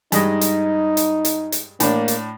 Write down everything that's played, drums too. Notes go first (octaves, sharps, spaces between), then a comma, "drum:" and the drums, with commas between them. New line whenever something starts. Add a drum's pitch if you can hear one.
G2 G#3 D#4 D#5, drum: hi-hat
drum: hi-hat
drum: hi-hat
drum: hi-hat
drum: hi-hat
A2 A#3 D4, drum: hi-hat
drum: hi-hat